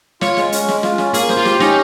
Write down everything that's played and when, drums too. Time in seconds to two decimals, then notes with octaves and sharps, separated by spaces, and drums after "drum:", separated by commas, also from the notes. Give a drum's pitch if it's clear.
0.21 F4 C#5, drum: snare
0.37 G#3, drum: snare
0.52 C#4, drum: hi-hat
0.68 G#3, drum: snare
0.83 F4, drum: snare
0.98 C#4, drum: snare
1.14 A#3 G#4, drum: hi-hat
1.29 C5, drum: snare
1.37 F4
1.45 G4, drum: snare
1.60 C#4 D#4, drum: snare